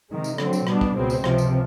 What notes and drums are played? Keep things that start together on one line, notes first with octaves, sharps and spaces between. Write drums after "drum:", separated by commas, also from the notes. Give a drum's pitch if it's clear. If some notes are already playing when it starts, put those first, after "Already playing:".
C3 D#3 G#3
drum: tambourine
D3 F#3 A3 C4, drum: rim click
drum: tambourine
B2 G3 B3 D4, drum: rim click
drum: kick
C#2 B2 G#3 C4
drum: tambourine
C#2 C3 F3, drum: rim click
drum: tambourine